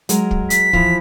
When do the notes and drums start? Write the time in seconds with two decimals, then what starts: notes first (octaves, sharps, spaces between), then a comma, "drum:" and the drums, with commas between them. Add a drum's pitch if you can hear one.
0.09 F#3 G#3 A#4, drum: hi-hat
0.31 drum: kick
0.50 B6, drum: hi-hat
0.73 E3 F3, drum: kick